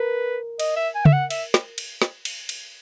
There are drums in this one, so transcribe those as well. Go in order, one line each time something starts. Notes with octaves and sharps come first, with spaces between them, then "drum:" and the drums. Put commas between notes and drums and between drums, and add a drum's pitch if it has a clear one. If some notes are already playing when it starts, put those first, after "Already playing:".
Already playing: A#4 B4
D#5, drum: cymbal
E5
G#5
E5, drum: tom C#3
F#5
E5, drum: cymbal
drum: snare
drum: cymbal
drum: snare
drum: cymbal
drum: cymbal